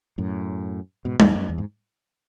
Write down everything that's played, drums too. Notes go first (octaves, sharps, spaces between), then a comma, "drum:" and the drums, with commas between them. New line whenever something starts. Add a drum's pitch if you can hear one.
F#2 A2
G#2 B2
E2 G#2, drum: tom G3
F#2
E2
G#2